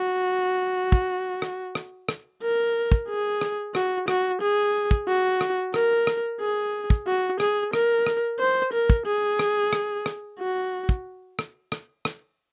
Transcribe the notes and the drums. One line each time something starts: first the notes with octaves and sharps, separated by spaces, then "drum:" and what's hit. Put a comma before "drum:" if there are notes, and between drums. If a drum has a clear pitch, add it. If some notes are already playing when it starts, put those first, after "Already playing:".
Already playing: F#4
drum: kick
drum: rim click
drum: rim click
drum: rim click
A#4
drum: kick
G#4
drum: rim click
F#4, drum: rim click
F#4, drum: rim click
G#4
drum: kick
F#4
drum: rim click
A#4, drum: rim click
drum: rim click
G#4
drum: kick
F#4
G#4, drum: rim click
A#4, drum: rim click
drum: rim click
C5
A#4
drum: kick
G#4
drum: rim click
drum: rim click
drum: rim click
F#4
drum: kick
drum: rim click
drum: rim click
drum: rim click